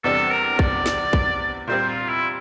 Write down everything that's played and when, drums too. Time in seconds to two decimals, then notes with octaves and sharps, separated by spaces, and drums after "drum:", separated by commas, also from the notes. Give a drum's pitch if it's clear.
0.04 E2 C3 G3 D4 A4
0.30 A#4
0.59 D5, drum: kick
0.86 drum: snare
1.13 drum: kick
1.67 A#2 G3 C4 C5
1.88 F4
2.08 E4